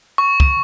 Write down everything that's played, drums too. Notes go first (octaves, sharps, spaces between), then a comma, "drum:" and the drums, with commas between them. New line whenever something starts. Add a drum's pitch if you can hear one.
C#6
drum: kick